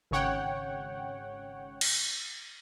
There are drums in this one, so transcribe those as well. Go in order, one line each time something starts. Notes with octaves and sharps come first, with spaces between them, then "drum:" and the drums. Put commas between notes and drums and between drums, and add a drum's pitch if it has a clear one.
G#1 C#3 C#5 F#5 G5
drum: cymbal